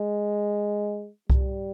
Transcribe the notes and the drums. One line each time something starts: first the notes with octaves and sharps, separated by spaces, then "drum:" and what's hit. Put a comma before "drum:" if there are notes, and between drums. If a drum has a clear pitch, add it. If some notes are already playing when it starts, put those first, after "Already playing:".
Already playing: G#3
G3, drum: kick C2